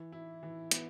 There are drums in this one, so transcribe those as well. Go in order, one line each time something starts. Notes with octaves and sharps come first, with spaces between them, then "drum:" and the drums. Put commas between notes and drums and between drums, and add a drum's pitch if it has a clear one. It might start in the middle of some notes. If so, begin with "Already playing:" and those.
Already playing: E3
E4
E3
B3, drum: hi-hat